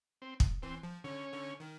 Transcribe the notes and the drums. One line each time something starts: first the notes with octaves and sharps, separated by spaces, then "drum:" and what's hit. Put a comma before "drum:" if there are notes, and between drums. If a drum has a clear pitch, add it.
C4
drum: kick
E3 C4
F3
D3 C#4
D3
D#3